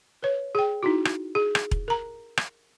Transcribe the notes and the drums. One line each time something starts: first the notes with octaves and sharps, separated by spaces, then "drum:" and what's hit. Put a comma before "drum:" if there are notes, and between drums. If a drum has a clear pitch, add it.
B4 C#5
G#4 G5
D#4 E4 F#4
drum: rim click
G#4
drum: rim click
drum: kick E1
A#4 A#5
drum: rim click